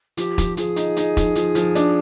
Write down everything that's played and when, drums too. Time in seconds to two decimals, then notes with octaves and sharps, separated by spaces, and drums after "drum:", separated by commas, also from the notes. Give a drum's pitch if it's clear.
0.17 F3 G4, drum: hi-hat
0.38 F3, drum: kick E1, hi-hat
0.57 F3 G#4, drum: hi-hat
0.76 D#4, drum: hi-hat
0.96 D#4, drum: hi-hat
1.17 F3, drum: kick E1, hi-hat
1.35 F3, drum: hi-hat
1.55 F3, drum: hi-hat
1.75 D4, drum: hi-hat